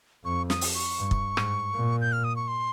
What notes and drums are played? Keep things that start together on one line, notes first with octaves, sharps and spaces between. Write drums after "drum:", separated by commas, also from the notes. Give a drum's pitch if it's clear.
F2 C#6
D#6, drum: snare
drum: open hi-hat
C#6
G2
drum: kick
G#2, drum: rim click
A#2
G6
F6
D#6
C#6
C6